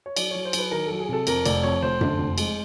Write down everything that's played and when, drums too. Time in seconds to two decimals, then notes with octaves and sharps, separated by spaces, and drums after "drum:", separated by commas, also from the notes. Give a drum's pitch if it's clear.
0.06 C#5
0.17 F#3 D5, drum: cymbal
0.31 F#3 C#5
0.45 C5
0.53 F#3, drum: cymbal
0.59 B4
0.72 D#3 A#4
0.86 F#3 A4
1.00 G#4
1.09 C3 A4
1.27 F2 A#4, drum: cymbal
1.45 F1 D5, drum: cymbal
1.63 F2 C#5
1.82 F1 C5
2.01 D3, drum: tom F#2
2.18 F1
2.38 G#3, drum: cymbal